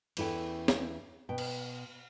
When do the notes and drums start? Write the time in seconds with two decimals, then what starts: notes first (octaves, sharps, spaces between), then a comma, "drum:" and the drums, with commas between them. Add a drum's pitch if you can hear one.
0.17 E2 C#4 E4 A4 G5, drum: cymbal
0.68 drum: snare
1.29 B2 G5
1.38 drum: cymbal